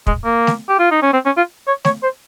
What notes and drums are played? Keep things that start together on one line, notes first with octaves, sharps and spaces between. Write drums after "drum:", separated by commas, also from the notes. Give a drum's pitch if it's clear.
G#3, drum: kick
A#3
drum: snare
G4
F4
D#4
C#4
C4
C#4
F4
C#5
C#5, drum: snare
C5